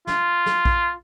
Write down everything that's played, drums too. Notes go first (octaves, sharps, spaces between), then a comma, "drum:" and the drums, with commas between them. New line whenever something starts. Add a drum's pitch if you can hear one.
F4, drum: snare
drum: snare
drum: kick A#1